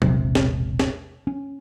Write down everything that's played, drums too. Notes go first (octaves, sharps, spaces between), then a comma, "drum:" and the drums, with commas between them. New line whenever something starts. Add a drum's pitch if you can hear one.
E1 A#1 C3, drum: tom F#3
drum: snare
drum: snare
C#4